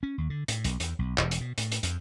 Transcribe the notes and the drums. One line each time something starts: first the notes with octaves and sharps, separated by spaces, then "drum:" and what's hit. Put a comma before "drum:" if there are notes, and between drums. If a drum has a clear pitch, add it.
C#4
D#2
D3
A2, drum: hi-hat
B1, drum: hi-hat
E2, drum: hi-hat
B1
E1, drum: clap
drum: hi-hat
B2
A2, drum: hi-hat
drum: hi-hat
F2, drum: hi-hat